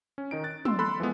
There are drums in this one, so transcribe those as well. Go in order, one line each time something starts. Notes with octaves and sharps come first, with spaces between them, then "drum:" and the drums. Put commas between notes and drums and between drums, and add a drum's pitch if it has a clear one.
C#4
D#3 D#4 D7
F#6 A6
C6 E6, drum: tom
A4 B5 C6 E6 F#6
E3 F3 G#3 B3